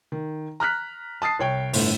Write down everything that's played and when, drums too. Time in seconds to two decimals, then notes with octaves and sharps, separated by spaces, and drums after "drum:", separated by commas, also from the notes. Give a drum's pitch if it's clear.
0.12 D#3
0.60 A#5 F6 F#6 B6
1.22 A5 D#6 A6 C7
1.39 C2 C#5 G5
1.73 G1 A2 A3, drum: open hi-hat